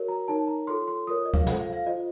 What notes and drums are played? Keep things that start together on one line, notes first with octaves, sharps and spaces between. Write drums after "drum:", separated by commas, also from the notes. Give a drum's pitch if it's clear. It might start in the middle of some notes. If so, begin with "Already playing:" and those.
Already playing: F#4 A#4 C#5
A#5
D#4 A#4 C#5 A5
A#5
F4 A4 C#5 C6
C6
F4 A#4 C#5 D#6
D#5
F5, drum: kick D2
F4 A4 C5 F#5, drum: tom
F5
F5
F4 C5 D#5